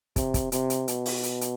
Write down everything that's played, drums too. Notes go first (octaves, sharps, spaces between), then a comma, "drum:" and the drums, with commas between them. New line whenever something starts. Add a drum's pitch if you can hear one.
C3, drum: kick, hi-hat
drum: kick, hi-hat
C3, drum: hi-hat
drum: hi-hat
B2, drum: hi-hat
drum: open hi-hat
drum: hi-hat
drum: hi-hat